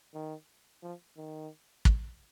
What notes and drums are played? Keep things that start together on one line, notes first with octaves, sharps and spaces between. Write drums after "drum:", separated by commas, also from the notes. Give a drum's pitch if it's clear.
D#3
F3
D#3
drum: kick